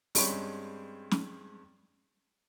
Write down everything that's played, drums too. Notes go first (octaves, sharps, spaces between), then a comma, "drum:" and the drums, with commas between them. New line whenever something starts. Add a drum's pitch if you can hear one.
G2 G#3 C4 C#4 B5 C#6, drum: open hi-hat
drum: snare